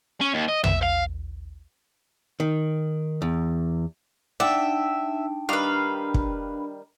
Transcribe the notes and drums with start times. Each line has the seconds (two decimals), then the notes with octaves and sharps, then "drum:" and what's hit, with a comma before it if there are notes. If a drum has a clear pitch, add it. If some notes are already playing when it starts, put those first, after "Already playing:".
0.21 C#4
0.34 D#2
0.48 D#5
0.64 E5, drum: tom
0.82 F5
2.40 D#3
3.22 E2
4.40 D4 D#4 D5 E5 F#5 G5 A5
5.49 D#3 G3 D4 B4 F5 B5
6.14 drum: kick